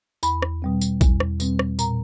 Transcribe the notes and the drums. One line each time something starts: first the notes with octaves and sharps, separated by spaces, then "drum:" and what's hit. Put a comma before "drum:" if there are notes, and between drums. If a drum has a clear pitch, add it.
E2 B5, drum: tambourine
drum: rim click
B2 G3 C4
drum: tambourine
E2, drum: kick A#1, tambourine
drum: rim click
B2 G3 C4, drum: tambourine
drum: rim click
A#2 A#5, drum: tambourine